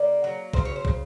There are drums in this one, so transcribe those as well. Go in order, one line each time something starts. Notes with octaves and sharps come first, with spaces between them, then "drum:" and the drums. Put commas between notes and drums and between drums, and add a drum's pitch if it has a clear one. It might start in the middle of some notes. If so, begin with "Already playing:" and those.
Already playing: C#3 A#3 D5
F#3
C#3 C5, drum: kick
C#5
C5
C#3, drum: kick